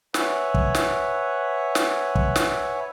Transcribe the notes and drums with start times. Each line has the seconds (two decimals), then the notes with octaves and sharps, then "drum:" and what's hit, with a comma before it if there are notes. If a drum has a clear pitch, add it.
0.14 B4 C#5 E5 F#5 G#5, drum: snare
0.54 drum: kick
0.75 drum: snare
1.75 drum: snare
2.15 drum: kick
2.36 drum: snare